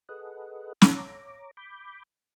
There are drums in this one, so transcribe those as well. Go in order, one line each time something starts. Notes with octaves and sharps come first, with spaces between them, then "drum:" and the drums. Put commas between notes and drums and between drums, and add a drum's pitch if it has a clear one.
G#4 A4 B4 D#5 F#5
C#5 A#5 D6, drum: snare
B5 D6 G6